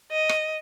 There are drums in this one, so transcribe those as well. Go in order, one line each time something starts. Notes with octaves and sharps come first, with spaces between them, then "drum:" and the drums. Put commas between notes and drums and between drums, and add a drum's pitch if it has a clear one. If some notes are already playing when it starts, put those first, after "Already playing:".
D#5
drum: rim click